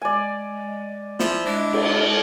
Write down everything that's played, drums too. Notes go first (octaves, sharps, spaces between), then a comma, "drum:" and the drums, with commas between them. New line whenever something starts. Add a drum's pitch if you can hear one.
G#3 D5 G#5
F3 E4, drum: snare
G#3 D4
drum: cymbal